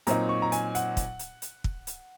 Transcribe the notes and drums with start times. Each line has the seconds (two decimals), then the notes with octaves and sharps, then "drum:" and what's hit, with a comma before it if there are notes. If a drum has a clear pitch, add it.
0.07 A#2 F#3 C4 D#4 A#5, drum: hi-hat
0.29 C#6
0.42 A#5
0.52 G#5, drum: hi-hat
0.75 F#5, drum: hi-hat
0.97 drum: kick, hi-hat
1.19 drum: hi-hat
1.42 drum: hi-hat
1.64 drum: kick
1.87 drum: hi-hat